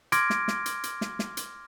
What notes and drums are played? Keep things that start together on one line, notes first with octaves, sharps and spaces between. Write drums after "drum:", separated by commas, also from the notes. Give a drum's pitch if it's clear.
C6 D6 F6 G#6 A#6 D7, drum: hi-hat
drum: snare
drum: snare
drum: hi-hat
drum: hi-hat
drum: snare
drum: snare
drum: hi-hat